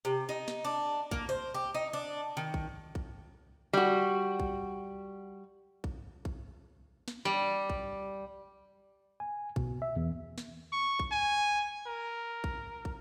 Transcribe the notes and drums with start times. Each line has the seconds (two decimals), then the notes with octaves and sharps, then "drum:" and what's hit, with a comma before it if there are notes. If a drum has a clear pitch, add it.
0.05 C3
0.29 D#4
0.48 drum: snare
0.65 D4
1.11 A#3, drum: kick
1.29 C5
1.54 G4
1.75 D#4
1.93 D4
2.37 D#3
2.54 drum: kick
2.95 drum: kick
3.73 G3 F#4
4.40 drum: kick
5.84 drum: kick
6.25 drum: kick
7.08 drum: snare
7.25 G3
7.70 drum: kick
9.20 G#5
9.56 B2, drum: kick
9.82 E5
9.96 E2
10.38 drum: snare
10.72 C#6
10.99 drum: kick
11.12 G#5
11.87 A#4
12.44 drum: kick
12.85 drum: kick